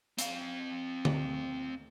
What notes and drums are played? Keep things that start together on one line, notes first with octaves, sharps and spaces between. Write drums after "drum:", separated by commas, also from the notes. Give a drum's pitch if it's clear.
C4 F5, drum: hi-hat
drum: tom D3